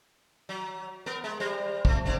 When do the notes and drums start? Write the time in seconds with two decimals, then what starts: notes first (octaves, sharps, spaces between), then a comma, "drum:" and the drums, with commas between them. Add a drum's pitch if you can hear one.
0.49 F#3
1.06 B3 A#4
1.24 G#3
1.40 G3 C5
1.85 F3 A3, drum: kick
2.05 E2 D3 C4